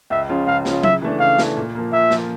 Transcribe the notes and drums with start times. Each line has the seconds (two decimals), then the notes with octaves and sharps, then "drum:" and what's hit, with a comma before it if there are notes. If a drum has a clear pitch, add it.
0.10 C#2 E5
0.29 C#3 F3 C#4 F4
0.47 C#2 F5
0.65 C#3 F3 C#4 F4, drum: snare
0.83 C#3 E5, drum: tom F#3
1.02 E3 A3 D4
1.20 C#3 F5
1.39 E3 A3 D4, drum: snare
1.57 A#2
1.75 F3 A#3
1.92 A#2 E5
2.11 F3 A#3, drum: snare